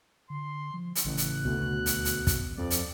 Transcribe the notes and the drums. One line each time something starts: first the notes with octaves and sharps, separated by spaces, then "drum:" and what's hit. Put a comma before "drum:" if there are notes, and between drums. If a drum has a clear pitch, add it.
D3 C6
F3
drum: hi-hat
A1 C#3 F#6
drum: hi-hat
D2 B2
D#2, drum: hi-hat
drum: hi-hat
drum: kick, hi-hat
F2 D5
drum: hi-hat